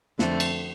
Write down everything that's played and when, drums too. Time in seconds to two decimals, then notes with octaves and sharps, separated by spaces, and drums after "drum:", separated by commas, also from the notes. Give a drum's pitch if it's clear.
0.19 F2 D3 A3 C4, drum: snare
0.40 drum: cymbal